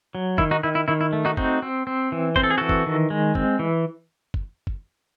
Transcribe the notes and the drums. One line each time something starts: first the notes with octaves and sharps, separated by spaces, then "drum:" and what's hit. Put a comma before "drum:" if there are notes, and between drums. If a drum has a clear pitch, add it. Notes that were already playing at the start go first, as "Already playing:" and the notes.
F#3
D#3 E4, drum: kick F#1
D#4 F#4
D#3 E4
E4
D#3 E4
E4
A3
D#4 F#4
C4 D#4 F#4, drum: kick F#1
C4
C4
E3
C4 C5, drum: kick F#1
A4
G#4
E3 F#4 A4
drum: kick F#1
D#3
G#3
C4, drum: kick F#1
E3
drum: kick F#1
drum: kick F#1